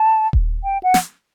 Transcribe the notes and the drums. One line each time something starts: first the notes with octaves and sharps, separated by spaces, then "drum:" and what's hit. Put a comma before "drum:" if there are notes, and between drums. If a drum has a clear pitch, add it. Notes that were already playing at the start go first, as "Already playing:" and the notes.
Already playing: A5
drum: kick D#1
G5
F#5
drum: snare